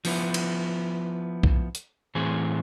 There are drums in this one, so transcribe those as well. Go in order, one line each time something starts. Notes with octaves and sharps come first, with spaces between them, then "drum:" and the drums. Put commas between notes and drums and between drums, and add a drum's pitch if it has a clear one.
F3 B3 E4, drum: open hi-hat
drum: cymbal
drum: kick B1
drum: hi-hat
A2 E3 C4 G#4